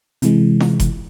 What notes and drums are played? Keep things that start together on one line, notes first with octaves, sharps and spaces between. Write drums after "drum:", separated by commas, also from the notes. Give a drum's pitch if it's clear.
C3 E3 G#3, drum: hi-hat
drum: snare
drum: kick F#1, hi-hat